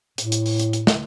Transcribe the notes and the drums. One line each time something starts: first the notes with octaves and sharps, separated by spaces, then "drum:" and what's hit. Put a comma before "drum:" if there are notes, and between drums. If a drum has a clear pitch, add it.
A2, drum: hi-hat
drum: hi-hat
drum: open hi-hat
drum: hi-hat
drum: hi-hat
drum: snare